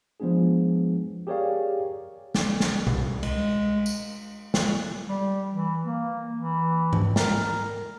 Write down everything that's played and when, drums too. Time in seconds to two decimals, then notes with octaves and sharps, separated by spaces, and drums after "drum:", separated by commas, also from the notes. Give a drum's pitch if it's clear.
0.20 F3 G#3 B3 D4 G#4
1.27 G4 G#4 A#4 C#5 D5 F5
2.35 drum: snare
2.60 drum: snare
2.87 C2, drum: tom
3.23 G#3, drum: cymbal
3.86 drum: tambourine
4.54 drum: snare
5.07 G3
5.53 E3
5.86 A#3
6.35 E3
6.93 drum: tom G#2
7.16 A#4, drum: snare